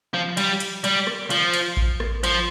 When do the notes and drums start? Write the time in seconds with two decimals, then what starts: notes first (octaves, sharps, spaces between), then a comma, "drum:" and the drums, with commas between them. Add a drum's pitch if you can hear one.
0.14 F3
0.37 G3, drum: cymbal
0.60 drum: cymbal
0.84 G3, drum: cymbal
1.07 drum: rim click
1.30 F3, drum: cymbal
1.54 drum: cymbal
1.77 drum: kick A1
2.00 drum: rim click
2.24 F3, drum: cymbal